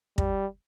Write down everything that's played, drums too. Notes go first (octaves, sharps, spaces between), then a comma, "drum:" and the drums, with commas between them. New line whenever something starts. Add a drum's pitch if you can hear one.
G3, drum: kick